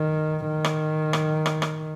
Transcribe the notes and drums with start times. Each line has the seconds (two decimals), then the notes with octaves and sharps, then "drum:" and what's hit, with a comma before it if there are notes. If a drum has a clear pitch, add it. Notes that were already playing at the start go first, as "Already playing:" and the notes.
Already playing: D#3
0.48 D#3
0.64 drum: rim click
1.13 drum: rim click
1.46 drum: rim click
1.62 drum: rim click